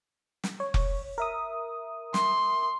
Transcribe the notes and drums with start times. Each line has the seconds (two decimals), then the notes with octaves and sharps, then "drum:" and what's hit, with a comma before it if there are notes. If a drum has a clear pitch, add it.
0.44 drum: snare
0.60 C#5
0.74 drum: kick F1
1.18 A#4 E5 D#6
2.14 C6, drum: snare